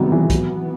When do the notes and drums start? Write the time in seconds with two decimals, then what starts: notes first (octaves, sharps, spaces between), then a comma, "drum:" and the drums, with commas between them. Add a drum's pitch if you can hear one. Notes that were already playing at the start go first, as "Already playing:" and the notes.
Already playing: A2 C3 D#3 F#3 G3 B3
0.12 E3
0.30 E3 F#3 B3, drum: kick, hi-hat